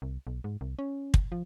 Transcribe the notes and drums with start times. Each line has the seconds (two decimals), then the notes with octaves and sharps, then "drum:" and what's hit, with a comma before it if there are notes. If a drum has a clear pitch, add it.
0.02 C2
0.27 B1
0.44 G#2
0.61 C2
0.79 C#4
1.14 drum: kick
1.32 F3